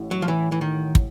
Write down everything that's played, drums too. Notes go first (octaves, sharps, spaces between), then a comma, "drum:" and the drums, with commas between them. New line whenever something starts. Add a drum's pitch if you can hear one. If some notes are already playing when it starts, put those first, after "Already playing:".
Already playing: A1 A2
F#3
F3
E3
E3
D#3
drum: kick